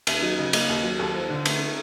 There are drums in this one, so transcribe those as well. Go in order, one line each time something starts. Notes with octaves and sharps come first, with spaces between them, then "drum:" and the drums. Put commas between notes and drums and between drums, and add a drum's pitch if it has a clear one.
D#2 E5, drum: cymbal
F#3 D#5
C#3 D#5
A#3 D#5, drum: cymbal
D#2
F#3
D#2 A4
F3
D3
A3, drum: cymbal